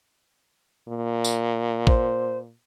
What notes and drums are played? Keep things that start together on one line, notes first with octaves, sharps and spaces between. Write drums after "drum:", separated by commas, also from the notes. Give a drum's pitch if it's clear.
A#2
drum: tambourine
C5, drum: kick